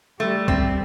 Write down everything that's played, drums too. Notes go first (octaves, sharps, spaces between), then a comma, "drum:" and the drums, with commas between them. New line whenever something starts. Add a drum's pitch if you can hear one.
G3 A3
C4, drum: kick